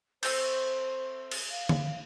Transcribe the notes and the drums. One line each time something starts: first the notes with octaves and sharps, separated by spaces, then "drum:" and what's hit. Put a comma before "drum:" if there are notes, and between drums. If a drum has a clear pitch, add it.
A3 C4 C5 G6, drum: cymbal
drum: cymbal
F5
drum: tom D3